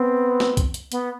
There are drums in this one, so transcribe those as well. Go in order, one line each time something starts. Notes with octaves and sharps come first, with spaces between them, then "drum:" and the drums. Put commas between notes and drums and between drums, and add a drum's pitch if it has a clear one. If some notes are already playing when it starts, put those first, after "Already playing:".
Already playing: B3 C4
drum: snare
drum: kick, hi-hat
drum: hi-hat
B3, drum: hi-hat